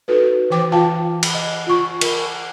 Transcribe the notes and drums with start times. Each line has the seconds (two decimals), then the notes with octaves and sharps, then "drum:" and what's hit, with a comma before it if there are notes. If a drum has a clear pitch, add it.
0.08 D#4 F#4 A4 B4
0.50 E3 C5 G5 D6
0.72 F4 F5 G5 A5
1.23 drum: cymbal
1.34 D#5
1.67 F4 C#6
2.01 A#4, drum: cymbal